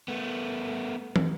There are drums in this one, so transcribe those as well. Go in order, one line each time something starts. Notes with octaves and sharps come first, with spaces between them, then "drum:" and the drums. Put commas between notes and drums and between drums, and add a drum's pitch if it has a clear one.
A3 B3
drum: tom